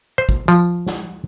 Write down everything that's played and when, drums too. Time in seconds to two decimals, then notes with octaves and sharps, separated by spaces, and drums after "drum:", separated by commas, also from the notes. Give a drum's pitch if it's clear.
0.18 C5
0.29 drum: kick
0.48 F3, drum: tambourine
0.86 drum: snare